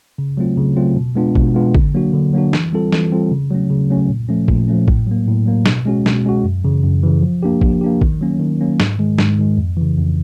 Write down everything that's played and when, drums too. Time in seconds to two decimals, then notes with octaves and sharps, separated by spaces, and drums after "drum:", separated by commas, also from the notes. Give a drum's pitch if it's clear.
0.18 C#3
0.37 F#3 A3 C4 F4
0.58 C#3
0.76 F#3 A3 C4 F4
0.96 B2
1.15 G#3 B3 D4 F4
1.35 B2, drum: kick
1.55 G#3 B3 D4 F4
1.75 D3, drum: kick
1.94 F#3 A#3 D4 F#4
2.13 D3
2.33 F#3 A#3 D4 F#4
2.53 E3, drum: snare
2.73 G3 C4 F4 A4
2.93 E3, drum: snare
3.11 G3 C4 F4 A4
3.31 C#3
3.50 F#3 A3 C#4
3.70 C#3
3.90 F#3 A3 C#4
4.09 A#2
4.28 F3 A3 C#4
4.48 A#2, drum: kick
4.68 F3 A3 C#4
4.88 A2, drum: kick
5.07 F#3 A#3
5.27 A2
5.46 F#3 A#3
5.66 B2, drum: snare
5.86 G#3 C#4 F#4
6.06 B2, drum: snare
6.25 G#3 C#4 F#4
6.44 F#2
6.64 C#3 E3
6.83 F#2
7.03 C#3 E3
7.23 F3
7.43 A#3 D4 G4
7.61 F3, drum: kick
7.81 A#3 D4 G4
8.01 D#3, drum: kick
8.21 F#3 A#3 C#4
8.40 D#3
8.61 F#3 A#3 C#4
8.80 G#2, drum: snare
8.99 D#3 G#3
9.18 G#2, drum: snare
9.39 D#3 G#3
9.58 F2
9.77 C#3 E3
9.97 F2